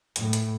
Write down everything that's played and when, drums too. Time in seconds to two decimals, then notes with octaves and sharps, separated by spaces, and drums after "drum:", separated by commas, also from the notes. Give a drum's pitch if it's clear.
0.16 A2, drum: hi-hat
0.33 drum: hi-hat